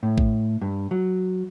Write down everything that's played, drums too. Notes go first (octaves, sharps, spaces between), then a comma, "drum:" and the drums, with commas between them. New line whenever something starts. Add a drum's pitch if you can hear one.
A2
drum: kick A1
G2
F#3